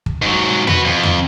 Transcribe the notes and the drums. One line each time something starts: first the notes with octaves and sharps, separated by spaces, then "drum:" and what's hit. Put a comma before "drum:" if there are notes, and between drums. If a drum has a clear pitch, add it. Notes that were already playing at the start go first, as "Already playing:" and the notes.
drum: kick
G#2 F#3
F#4 B4, drum: tom E2
F2
drum: tom E2